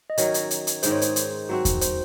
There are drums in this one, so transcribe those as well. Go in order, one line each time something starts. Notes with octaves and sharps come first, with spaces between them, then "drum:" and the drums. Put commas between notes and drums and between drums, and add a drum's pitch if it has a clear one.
D#5
D#3 F#3 C#4 C#5, drum: hi-hat
drum: hi-hat
drum: hi-hat
drum: hi-hat
G#2 D#3 G#3 C5, drum: hi-hat
C#5
C5, drum: hi-hat
drum: hi-hat
F#3 C4 F#4
drum: kick E2, hi-hat
C5, drum: hi-hat